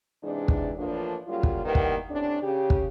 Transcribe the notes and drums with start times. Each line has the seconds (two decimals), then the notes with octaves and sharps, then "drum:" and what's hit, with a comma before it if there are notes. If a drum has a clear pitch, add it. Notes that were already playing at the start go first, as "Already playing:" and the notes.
0.24 G#2 C3 E3 G#3 D4
0.48 drum: kick
0.77 A2 E3 F3 A#3 D4
1.27 C#3 F#3 G3 A#3 F4
1.43 drum: kick
1.65 D#3 E3 G3 A#3 B3
1.75 drum: kick
2.10 A2 C3 C#4 D4
2.42 C#3 G4
2.70 drum: kick